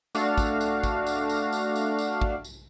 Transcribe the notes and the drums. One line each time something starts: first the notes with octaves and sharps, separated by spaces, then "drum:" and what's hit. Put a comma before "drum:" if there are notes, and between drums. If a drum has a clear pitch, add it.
A3 D4 F#4 F5, drum: tambourine
drum: kick, tambourine
drum: tambourine
drum: kick, tambourine
drum: tambourine
drum: tambourine
drum: tambourine
drum: tambourine
drum: tambourine
drum: kick
drum: tambourine